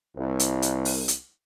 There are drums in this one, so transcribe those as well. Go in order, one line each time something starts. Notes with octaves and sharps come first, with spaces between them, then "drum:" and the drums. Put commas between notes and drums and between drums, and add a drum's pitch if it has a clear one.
C2
drum: hi-hat
drum: hi-hat
drum: open hi-hat
drum: hi-hat